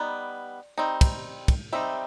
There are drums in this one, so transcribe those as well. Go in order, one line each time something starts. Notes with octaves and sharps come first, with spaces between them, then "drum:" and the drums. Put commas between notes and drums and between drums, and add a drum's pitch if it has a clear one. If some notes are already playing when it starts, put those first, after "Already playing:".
Already playing: G3 B3 D#4 D5
G3 C4 D#4
drum: kick, cymbal
drum: kick, cymbal
G3 C4 D#4 E5